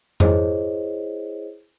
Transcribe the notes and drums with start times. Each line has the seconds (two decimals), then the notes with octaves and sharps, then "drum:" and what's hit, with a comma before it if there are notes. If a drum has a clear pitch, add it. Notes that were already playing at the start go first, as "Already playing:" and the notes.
0.20 E4 G#4 C5 C#5 D#5, drum: tom F2